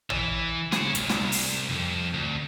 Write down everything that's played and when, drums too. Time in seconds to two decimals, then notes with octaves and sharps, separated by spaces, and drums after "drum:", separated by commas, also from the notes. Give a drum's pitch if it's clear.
0.10 E3, drum: tom
0.72 G#4 C#5, drum: snare
0.95 C2, drum: hi-hat
1.10 drum: snare
1.32 drum: open hi-hat
1.69 F2
2.14 D2